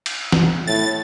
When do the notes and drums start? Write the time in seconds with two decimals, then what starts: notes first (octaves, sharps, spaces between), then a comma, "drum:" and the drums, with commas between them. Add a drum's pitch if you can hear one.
0.06 drum: cymbal
0.32 drum: snare
0.67 A2 A6